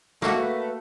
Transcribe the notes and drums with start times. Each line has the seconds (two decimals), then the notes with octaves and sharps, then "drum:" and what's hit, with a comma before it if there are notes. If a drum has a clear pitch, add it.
0.22 A3 A#3 F#4 C#6, drum: snare
0.38 B4